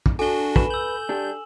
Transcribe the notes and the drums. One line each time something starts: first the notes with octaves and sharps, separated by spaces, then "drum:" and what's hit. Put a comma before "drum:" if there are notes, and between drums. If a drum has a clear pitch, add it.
drum: kick
D4 F#4 A4 G#5 G7
B4 E7, drum: kick
E6 G6 F#7
D4 G4